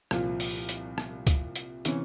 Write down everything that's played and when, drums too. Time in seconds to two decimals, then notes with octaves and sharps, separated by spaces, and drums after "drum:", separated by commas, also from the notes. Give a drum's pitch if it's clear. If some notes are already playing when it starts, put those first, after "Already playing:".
0.11 C2 A#2 F3 F4, drum: rim click
0.40 drum: open hi-hat
0.69 drum: hi-hat
0.98 drum: rim click
1.27 drum: kick C#2, hi-hat
1.56 drum: hi-hat
1.85 C3 E3 C#4, drum: hi-hat